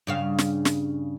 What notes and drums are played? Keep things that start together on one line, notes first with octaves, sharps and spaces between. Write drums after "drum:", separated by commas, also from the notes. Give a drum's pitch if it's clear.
G2 C#3 F5
drum: snare
drum: snare